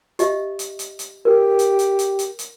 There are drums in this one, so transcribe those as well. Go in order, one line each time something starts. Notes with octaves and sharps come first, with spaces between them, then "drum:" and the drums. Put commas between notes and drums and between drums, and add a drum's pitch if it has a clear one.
G4 D#5 E5, drum: hi-hat
drum: hi-hat
drum: hi-hat
drum: hi-hat
G4 A#4
drum: hi-hat
drum: hi-hat
drum: hi-hat
drum: hi-hat
drum: hi-hat